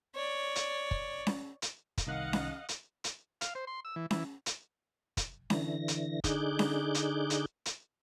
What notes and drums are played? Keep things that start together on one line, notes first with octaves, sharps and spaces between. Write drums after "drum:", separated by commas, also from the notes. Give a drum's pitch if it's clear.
C#5 D5
drum: hi-hat
drum: kick
drum: snare C#4
drum: hi-hat
drum: kick, hi-hat
C2 D#3 D#5 F5 F#5 F#6
drum: snare C#4
drum: hi-hat
drum: hi-hat
F5, drum: hi-hat
C5
C6
E6
E3
E3, drum: snare C#4
drum: hi-hat
drum: kick, hi-hat
D3 E3 A#6, drum: snare C#4
drum: hi-hat
D3 D#4 G#4 D6 F#6 G6, drum: kick, hi-hat
drum: snare C#4
drum: hi-hat
drum: hi-hat
drum: hi-hat